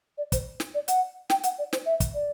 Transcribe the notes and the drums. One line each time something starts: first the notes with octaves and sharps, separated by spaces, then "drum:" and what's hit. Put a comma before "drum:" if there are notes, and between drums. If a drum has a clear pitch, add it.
D5
C5, drum: kick, hi-hat
drum: snare
D5
F#5, drum: hi-hat
G5, drum: snare
F#5, drum: hi-hat
D5
C5, drum: snare
E5
drum: kick, hi-hat
D5